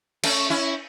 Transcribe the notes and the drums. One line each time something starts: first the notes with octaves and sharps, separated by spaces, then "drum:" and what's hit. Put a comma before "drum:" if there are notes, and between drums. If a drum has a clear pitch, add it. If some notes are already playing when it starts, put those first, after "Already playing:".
A3 C#4, drum: cymbal
C#4 E4